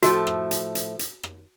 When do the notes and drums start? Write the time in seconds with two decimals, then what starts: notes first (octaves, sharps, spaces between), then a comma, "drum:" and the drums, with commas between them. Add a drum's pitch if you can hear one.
0.03 A2 F3 A3 F#4, drum: hi-hat
0.27 drum: rim click
0.51 drum: hi-hat
0.75 drum: hi-hat
0.99 drum: hi-hat
1.23 drum: rim click